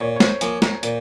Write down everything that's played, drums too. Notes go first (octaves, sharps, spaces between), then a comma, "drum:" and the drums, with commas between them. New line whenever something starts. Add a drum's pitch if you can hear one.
A#2 C#5
C#5
C5, drum: snare
F3 A#3 G#5, drum: hi-hat
A#5, drum: snare
A#2, drum: hi-hat